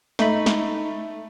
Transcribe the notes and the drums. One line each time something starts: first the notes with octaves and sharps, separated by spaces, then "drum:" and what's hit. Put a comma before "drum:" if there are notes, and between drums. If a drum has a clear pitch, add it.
A3 D#4 B5, drum: snare
drum: snare